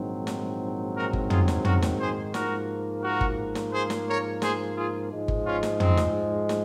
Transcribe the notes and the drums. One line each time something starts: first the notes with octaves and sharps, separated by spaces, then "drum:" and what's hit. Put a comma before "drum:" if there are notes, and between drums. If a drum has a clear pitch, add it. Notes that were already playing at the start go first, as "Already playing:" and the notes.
Already playing: A#1 G#2 D#3 F#3 C4
drum: snare
F#4 A#4
drum: kick G1
F4 G#4, drum: tom
drum: snare
F#4 A#4, drum: tom
drum: snare
G#4 C5
G#2 F3 A#3 F#4 A#4, drum: snare
F#4 A#4
drum: kick G1
drum: snare
G#4 C5
drum: snare
A#4 C#5
G#4 C5, drum: snare
F4 G#4
G#2 F3 G#3
drum: kick G1
C#4 F4
drum: snare
C4 D#4, drum: tom
drum: snare
drum: snare